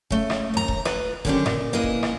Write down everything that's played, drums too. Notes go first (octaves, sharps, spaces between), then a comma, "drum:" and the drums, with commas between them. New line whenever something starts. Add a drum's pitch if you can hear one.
C#3 A3, drum: kick E1
drum: rim click
D#2 A#5
drum: kick E1
F4 B4, drum: rim click
D3 D#3 F#3 C#4 D4 G4, drum: kick E1
A#2, drum: rim click
A#3 E4 G#4 B4 D#5
drum: kick E1
drum: rim click